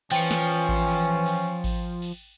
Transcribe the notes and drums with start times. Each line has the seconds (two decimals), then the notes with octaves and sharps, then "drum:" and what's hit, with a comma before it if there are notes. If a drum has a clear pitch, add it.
0.12 E3 F3 C#4 G5 C#7, drum: cymbal
0.31 drum: snare
0.50 drum: cymbal
0.69 drum: kick A1
0.88 drum: cymbal
1.26 drum: cymbal
1.64 drum: kick A1, cymbal
2.02 drum: cymbal